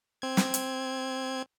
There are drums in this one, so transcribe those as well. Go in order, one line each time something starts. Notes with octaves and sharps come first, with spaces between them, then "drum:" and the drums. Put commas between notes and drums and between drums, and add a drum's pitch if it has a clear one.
C4 G#6
drum: snare
drum: hi-hat